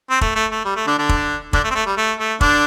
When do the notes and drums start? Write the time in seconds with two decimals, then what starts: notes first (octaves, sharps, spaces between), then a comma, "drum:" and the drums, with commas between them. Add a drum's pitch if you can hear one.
0.10 C4
0.21 A3, drum: kick
0.35 A3
0.51 A3
0.65 G3
0.76 A3
0.87 D3 D4
0.98 D3 D4
1.09 drum: kick
1.53 D3 D4, drum: kick
1.64 A3
1.71 C4
1.75 A3
1.87 G3
1.97 A3
2.19 A3
2.41 D3 D4, drum: kick